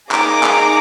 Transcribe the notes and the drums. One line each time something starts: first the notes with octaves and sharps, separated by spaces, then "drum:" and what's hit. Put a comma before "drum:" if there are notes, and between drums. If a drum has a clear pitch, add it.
A#3 D#4 G#4 A#5 D6, drum: clap
drum: clap